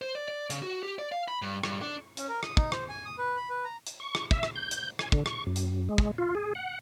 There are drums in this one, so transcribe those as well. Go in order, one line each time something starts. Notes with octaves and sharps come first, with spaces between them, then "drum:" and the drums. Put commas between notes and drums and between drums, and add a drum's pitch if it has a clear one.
C5
D5
D5
C#3, drum: hi-hat
F#4
G4
D5
F5
B5
G2
G2, drum: rim click
D4
C#4, drum: hi-hat
A#4
D#6, drum: rim click
D#4, drum: kick
C5, drum: rim click
G#5
D#6
B4
B5
B4
A#5
drum: hi-hat
C#6
drum: rim click
E5, drum: kick
drum: rim click
G6
drum: hi-hat
G#5, drum: rim click
D3, drum: kick
C#6, drum: rim click
F#2
drum: hi-hat
G#3
drum: kick
F4
G#4
F#5